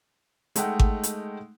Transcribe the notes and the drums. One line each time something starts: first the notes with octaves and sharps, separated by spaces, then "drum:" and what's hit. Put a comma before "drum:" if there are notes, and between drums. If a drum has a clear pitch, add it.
G#3 A3 D#4 F#5 G5, drum: hi-hat
drum: kick G#1
drum: hi-hat